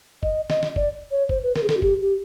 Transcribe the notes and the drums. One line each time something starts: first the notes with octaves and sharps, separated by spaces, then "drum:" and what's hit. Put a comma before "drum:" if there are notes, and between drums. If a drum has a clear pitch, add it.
D#5, drum: kick
D#5, drum: snare
drum: snare
D5, drum: kick
C#5
C5, drum: kick
B4
A#4, drum: snare
G#4
A4, drum: snare
F#4
G4, drum: kick
G4